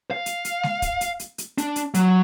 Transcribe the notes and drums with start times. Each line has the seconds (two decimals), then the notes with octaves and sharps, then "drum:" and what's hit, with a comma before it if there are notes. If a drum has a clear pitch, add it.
0.11 F5
0.26 drum: hi-hat
0.45 drum: hi-hat
0.63 drum: snare G#3
0.82 drum: kick, hi-hat
1.01 drum: hi-hat
1.20 drum: hi-hat
1.38 drum: hi-hat
1.58 D4, drum: hi-hat
1.76 drum: hi-hat
1.94 F#3, drum: hi-hat